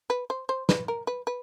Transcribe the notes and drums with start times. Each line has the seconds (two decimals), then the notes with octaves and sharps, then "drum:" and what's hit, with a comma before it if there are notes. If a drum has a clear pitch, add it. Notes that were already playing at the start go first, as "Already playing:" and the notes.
0.10 B4
0.30 C5
0.49 C5
0.69 B4, drum: snare
0.88 A#4
1.07 B4
1.27 B4